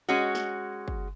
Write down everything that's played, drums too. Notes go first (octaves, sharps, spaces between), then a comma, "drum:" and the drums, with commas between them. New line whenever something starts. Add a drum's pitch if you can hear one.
G#3 C#4 F#4
drum: snare
drum: kick